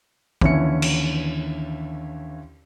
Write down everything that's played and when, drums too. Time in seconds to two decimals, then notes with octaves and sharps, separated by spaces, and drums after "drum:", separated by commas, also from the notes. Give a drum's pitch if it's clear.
0.41 D#2 D3 E3 C#4 E4 C#7, drum: kick
0.82 drum: cymbal